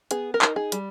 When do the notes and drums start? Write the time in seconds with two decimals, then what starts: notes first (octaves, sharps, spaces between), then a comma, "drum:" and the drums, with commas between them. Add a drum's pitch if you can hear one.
0.11 B3 G#4, drum: hi-hat
0.34 A#4
0.42 D#4, drum: clap
0.56 G#4
0.72 G3, drum: hi-hat